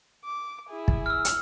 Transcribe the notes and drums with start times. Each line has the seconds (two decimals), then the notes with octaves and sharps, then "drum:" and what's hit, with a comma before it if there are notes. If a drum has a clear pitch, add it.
0.24 D6
0.69 E4 G#4
0.88 drum: kick
1.06 E6 F6
1.25 drum: hi-hat